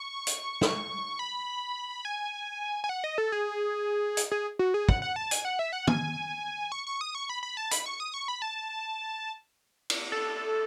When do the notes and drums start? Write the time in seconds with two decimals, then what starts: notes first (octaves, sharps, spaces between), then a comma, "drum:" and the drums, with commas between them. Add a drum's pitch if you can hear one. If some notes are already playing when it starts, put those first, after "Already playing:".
Already playing: C#6
0.27 drum: hi-hat
0.61 drum: snare
1.19 B5
2.05 G#5
2.84 G#5
2.89 F#5
3.04 D#5
3.18 A4
3.32 G#4
4.17 drum: hi-hat
4.32 G#4
4.59 F#4
4.74 G#4
4.89 F#5, drum: kick
5.02 F#5
5.16 A5
5.31 G#5, drum: hi-hat
5.45 F#5
5.59 E5
5.73 F#5
5.87 G#5, drum: tom
6.72 C#6
6.87 C#6
7.01 D#6
7.15 C#6
7.30 B5
7.43 B5
7.57 A5
7.71 B5, drum: hi-hat
7.86 C#6
8.00 D#6
8.14 C#6
8.28 B5
8.42 A5
9.90 drum: cymbal
10.12 A4